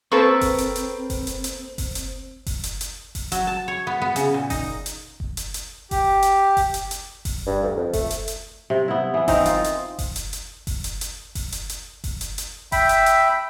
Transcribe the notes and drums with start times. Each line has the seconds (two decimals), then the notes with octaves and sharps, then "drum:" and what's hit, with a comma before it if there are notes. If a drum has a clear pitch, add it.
0.12 A#3 C4 A4 B4 C5 C#6 E6
0.41 drum: kick F#1, open hi-hat
0.58 drum: hi-hat
0.76 drum: hi-hat
1.10 drum: kick F#1, open hi-hat
1.27 drum: hi-hat
1.44 drum: hi-hat
1.78 drum: kick F#1, open hi-hat
1.95 drum: hi-hat
2.46 drum: kick F#1, open hi-hat
2.64 drum: hi-hat
2.81 drum: hi-hat
3.15 drum: kick F#1, open hi-hat
3.32 F#3, drum: hi-hat
3.47 A5
3.68 C#5
3.87 B3
4.02 B3
4.16 C#3, drum: hi-hat
4.34 A#2
4.50 D#4, drum: kick F#1, open hi-hat
4.86 drum: hi-hat
5.20 drum: kick F#1
5.37 drum: hi-hat
5.54 drum: hi-hat
5.91 G4, drum: kick F#1, open hi-hat
6.23 drum: hi-hat
6.57 drum: kick F#1, open hi-hat
6.74 drum: hi-hat
6.91 drum: hi-hat
7.25 drum: kick F#1, open hi-hat
7.47 G2
7.63 D2
7.77 F2
7.93 A3, drum: kick F#1, open hi-hat
8.11 drum: hi-hat
8.28 drum: hi-hat
8.70 C3
8.88 B3 E4
9.14 E3 B3
9.28 E3 C4 D#4 A#4, drum: kick F#1, open hi-hat
9.46 F4, drum: hi-hat
9.64 drum: hi-hat
9.99 drum: kick F#1, open hi-hat
10.16 drum: hi-hat
10.33 drum: hi-hat
10.67 drum: kick F#1, open hi-hat
10.84 drum: hi-hat
11.01 drum: hi-hat
11.35 drum: kick F#1, open hi-hat
11.52 drum: hi-hat
11.69 drum: hi-hat
12.04 drum: kick F#1, open hi-hat
12.21 drum: hi-hat
12.38 drum: hi-hat
12.72 E5 G5 B5, drum: kick F#1, open hi-hat
12.89 drum: hi-hat
13.06 drum: hi-hat